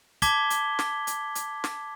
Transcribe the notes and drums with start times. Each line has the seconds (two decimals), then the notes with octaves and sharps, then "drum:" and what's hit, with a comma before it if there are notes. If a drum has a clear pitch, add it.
0.22 A5 D6 G#6 B6 G7, drum: kick, hi-hat
0.50 drum: hi-hat
0.79 drum: snare
1.07 drum: hi-hat
1.35 drum: hi-hat
1.64 drum: snare